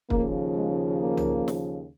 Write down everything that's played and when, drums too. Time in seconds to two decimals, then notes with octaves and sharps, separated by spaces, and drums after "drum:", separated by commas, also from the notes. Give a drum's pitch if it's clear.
0.10 D#2 C#3 F3 A#3, drum: kick
0.55 G#3
0.99 A#3
1.17 drum: tom C2
1.48 drum: snare